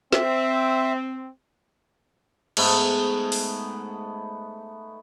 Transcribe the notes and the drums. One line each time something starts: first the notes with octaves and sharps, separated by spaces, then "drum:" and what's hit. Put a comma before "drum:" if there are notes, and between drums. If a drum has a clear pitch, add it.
C4 E5, drum: snare
G#2 A3 B3, drum: cymbal
drum: open hi-hat